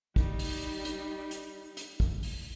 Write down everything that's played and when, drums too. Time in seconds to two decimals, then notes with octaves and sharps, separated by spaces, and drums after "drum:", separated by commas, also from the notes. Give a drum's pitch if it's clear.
0.16 G3 D#4, drum: kick
0.39 drum: open hi-hat
0.85 drum: hi-hat
1.31 drum: hi-hat
1.77 drum: hi-hat
2.00 drum: kick
2.23 drum: open hi-hat